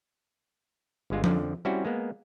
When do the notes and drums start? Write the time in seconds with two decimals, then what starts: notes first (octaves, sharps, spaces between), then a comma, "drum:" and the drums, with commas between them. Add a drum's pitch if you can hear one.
1.10 G1 D3 G#3 F4
1.24 F2 D3 F3, drum: tom F3
1.65 G3 C4 C#4 E4 F#4
1.85 G#3 A#3 B3